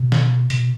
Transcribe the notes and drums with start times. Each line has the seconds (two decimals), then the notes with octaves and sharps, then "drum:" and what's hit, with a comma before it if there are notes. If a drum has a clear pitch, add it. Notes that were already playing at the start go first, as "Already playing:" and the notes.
Already playing: B2
0.12 drum: snare
0.50 B2, drum: hi-hat